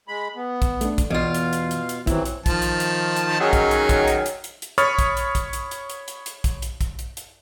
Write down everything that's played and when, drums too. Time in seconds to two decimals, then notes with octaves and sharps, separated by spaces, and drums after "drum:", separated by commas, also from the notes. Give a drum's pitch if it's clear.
0.08 G#3 B5
0.36 B3
0.62 drum: kick A#1, hi-hat
0.81 A3 D4, drum: hi-hat
0.98 drum: kick A#1, hi-hat
1.10 E2 B2 F4 F5
1.34 drum: hi-hat
1.53 drum: hi-hat
1.71 drum: hi-hat
1.89 drum: hi-hat
2.07 D#2 E3 F#3 C4 E4, drum: kick A#1, hi-hat
2.26 drum: hi-hat
2.46 D#3 F3 A5, drum: kick A#1, hi-hat
2.62 drum: hi-hat
2.80 drum: hi-hat
3.17 drum: hi-hat
3.40 D#3 F#3 C#4 D#4 G#4
3.53 drum: kick A#1, hi-hat
3.71 drum: hi-hat
3.89 drum: kick A#1, hi-hat
4.08 drum: hi-hat
4.26 drum: hi-hat
4.44 drum: hi-hat
4.62 drum: hi-hat
4.78 C#5 B5 C#6 D#6 F6 A6, drum: hi-hat
4.99 drum: kick A#1, hi-hat
5.17 drum: hi-hat
5.35 drum: kick A#1, hi-hat
5.53 drum: hi-hat
5.71 drum: hi-hat
5.90 drum: hi-hat
6.08 drum: hi-hat
6.26 drum: hi-hat
6.44 drum: kick A#1, hi-hat
6.62 drum: hi-hat
6.81 drum: kick A#1, hi-hat
6.99 drum: hi-hat
7.17 drum: hi-hat